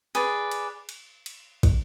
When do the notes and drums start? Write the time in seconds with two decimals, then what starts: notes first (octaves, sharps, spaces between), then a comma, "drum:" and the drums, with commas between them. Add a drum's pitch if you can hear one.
0.15 G#4 B4 D5, drum: cymbal
0.51 drum: cymbal
0.89 drum: cymbal
1.26 drum: cymbal
1.63 drum: kick, cymbal